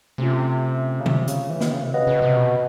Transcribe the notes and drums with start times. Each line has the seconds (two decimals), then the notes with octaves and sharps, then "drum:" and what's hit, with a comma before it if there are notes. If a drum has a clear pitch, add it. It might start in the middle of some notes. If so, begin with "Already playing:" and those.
0.18 C3 A3 C#4 F4
1.00 C#3
1.06 C3, drum: tom
1.28 C#3, drum: hi-hat
1.50 E3
1.61 D#3, drum: snare
1.71 C#3
1.82 C3
1.93 C#3 F#4 B4 D#5 F#5
2.07 C#3
2.22 C3
2.36 B2